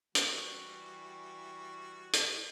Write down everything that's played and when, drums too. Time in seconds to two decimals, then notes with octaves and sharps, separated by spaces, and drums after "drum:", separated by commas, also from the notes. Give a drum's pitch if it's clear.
0.15 E3 G3 F#4, drum: hi-hat
2.13 drum: hi-hat